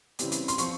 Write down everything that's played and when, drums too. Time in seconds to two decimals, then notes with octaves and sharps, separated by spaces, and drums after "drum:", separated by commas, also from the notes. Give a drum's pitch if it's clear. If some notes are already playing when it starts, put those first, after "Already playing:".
0.19 C#3 E3 G3 C4, drum: hi-hat
0.32 drum: hi-hat
0.48 C6, drum: hi-hat
0.58 F3 C4 C#6, drum: hi-hat